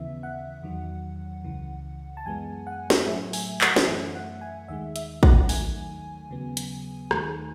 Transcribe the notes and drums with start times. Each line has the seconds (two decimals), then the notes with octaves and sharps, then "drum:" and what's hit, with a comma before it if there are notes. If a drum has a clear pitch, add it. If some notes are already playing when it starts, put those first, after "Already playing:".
Already playing: D#2 C#3 E3 B3 E5
0.23 F#5
0.63 E2 D#3 F#3
1.44 C#2 C#3 E3
2.17 A5
2.26 F#2 E3 G#3 B3 G#5
2.67 F#5
2.90 drum: snare
3.06 A2 F#3 A3 E5
3.33 G#5, drum: open hi-hat
3.61 F#5, drum: clap
3.76 drum: snare
3.87 F#2 E3 A3 E5
4.15 F#5
4.41 G#5
4.68 D#2 D#3 G#3 E5
4.96 E5, drum: hi-hat
5.23 F#5, drum: kick
5.49 D#2 D#3 F#3 A3 G#5, drum: open hi-hat
6.30 D#2 C#3 F#3 B3
6.57 drum: hi-hat
7.11 D#2 D#3 A3, drum: rim click